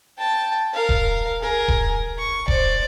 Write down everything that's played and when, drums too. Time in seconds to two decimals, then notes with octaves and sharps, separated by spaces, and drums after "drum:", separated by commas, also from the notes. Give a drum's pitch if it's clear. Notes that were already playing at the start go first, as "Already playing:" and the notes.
0.18 G5 A5
0.74 A#4 F5
0.89 drum: kick D#1
1.41 G#4 A#4
1.68 drum: kick D#1
2.18 C#6
2.48 C5 D5, drum: kick D#1